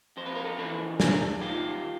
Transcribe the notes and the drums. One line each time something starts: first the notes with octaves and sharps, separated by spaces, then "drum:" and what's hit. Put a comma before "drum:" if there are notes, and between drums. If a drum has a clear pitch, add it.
F2 C5
B4
A#4
A4 B4
C#3 E3 A4 B4
G2 G#4 A#4, drum: snare
D#3 F4 G4